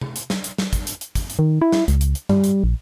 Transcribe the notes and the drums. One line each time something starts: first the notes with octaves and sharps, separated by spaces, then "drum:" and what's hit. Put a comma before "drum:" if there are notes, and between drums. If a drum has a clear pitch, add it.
drum: tom C3
drum: hi-hat
drum: snare
drum: hi-hat
drum: snare
drum: kick, hi-hat
drum: hi-hat
drum: hi-hat
drum: kick, hi-hat
drum: hi-hat
D#3
E4
drum: snare
C#2, drum: hi-hat
drum: hi-hat
drum: hi-hat
G3, drum: tom G2
drum: hi-hat
A#1